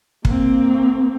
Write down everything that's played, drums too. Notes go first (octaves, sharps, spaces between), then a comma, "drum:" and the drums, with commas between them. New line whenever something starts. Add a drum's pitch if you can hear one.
A#3 C4, drum: kick